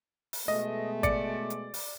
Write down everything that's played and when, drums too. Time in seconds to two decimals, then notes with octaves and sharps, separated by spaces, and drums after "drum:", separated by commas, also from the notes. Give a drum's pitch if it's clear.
0.33 drum: open hi-hat
0.48 B2 G#3 A3 D#5
1.03 D5 C#7, drum: kick G#1, hi-hat
1.50 drum: hi-hat
1.74 drum: open hi-hat